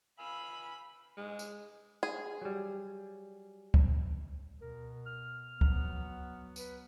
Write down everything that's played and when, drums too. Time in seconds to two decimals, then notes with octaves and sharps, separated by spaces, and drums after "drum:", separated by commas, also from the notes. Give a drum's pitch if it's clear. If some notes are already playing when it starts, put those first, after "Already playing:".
0.19 F5 G#5 B5 E6
1.17 G#3
1.39 drum: tambourine
2.03 G#4
2.41 F#3 G3
3.74 drum: kick C#2
4.61 B2 A#4
5.06 F6
5.61 F#3 B3, drum: kick C#2
6.56 B4, drum: tambourine